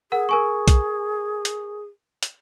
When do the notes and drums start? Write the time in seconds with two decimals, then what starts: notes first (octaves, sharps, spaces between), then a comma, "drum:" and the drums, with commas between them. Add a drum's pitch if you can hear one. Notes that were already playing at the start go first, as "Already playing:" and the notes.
0.12 G#4 A#4 F#5
0.29 A#4 G#5 C#6
0.68 drum: kick, hi-hat
1.45 drum: hi-hat
2.23 drum: hi-hat